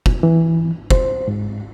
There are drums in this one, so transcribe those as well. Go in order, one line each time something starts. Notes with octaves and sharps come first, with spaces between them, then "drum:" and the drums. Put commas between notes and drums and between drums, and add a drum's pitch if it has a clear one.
drum: kick
E3
C5, drum: kick
G#2